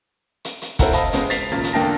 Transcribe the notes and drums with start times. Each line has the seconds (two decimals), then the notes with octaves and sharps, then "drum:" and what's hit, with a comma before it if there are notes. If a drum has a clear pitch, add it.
0.45 drum: hi-hat
0.62 drum: hi-hat
0.79 C4 E4 A4 A#4 F#5, drum: kick, hi-hat
0.93 D#5 F5 A5 B5, drum: hi-hat
1.13 C#3 G#3 B3 C4, drum: hi-hat
1.30 A6 B6 C7 F7, drum: hi-hat
1.52 G#1 A#2 C#3 A6
1.64 drum: hi-hat
1.73 E2 D3 A#3 G5 A5 A#6